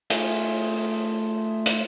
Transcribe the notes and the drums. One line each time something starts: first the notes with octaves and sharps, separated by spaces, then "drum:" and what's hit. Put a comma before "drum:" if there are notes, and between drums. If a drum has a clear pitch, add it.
A3 F4 G#4, drum: hi-hat
drum: hi-hat